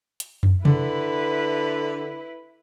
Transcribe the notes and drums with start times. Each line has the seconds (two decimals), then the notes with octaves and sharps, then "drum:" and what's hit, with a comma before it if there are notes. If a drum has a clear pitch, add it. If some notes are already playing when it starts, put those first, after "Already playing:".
0.20 drum: hi-hat
0.43 drum: tom
0.65 D3 E4 B4, drum: tom C3